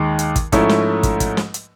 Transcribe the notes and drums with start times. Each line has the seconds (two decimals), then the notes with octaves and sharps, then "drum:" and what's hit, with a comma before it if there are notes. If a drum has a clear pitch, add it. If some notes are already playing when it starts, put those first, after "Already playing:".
Already playing: D#2 D#3 G#3
0.19 drum: hi-hat
0.36 drum: kick, hi-hat
0.52 G#2 F3 A3 C#4 E4, drum: kick, hi-hat
0.69 drum: snare
1.03 drum: kick, hi-hat
1.20 drum: kick, hi-hat
1.37 drum: snare
1.54 drum: hi-hat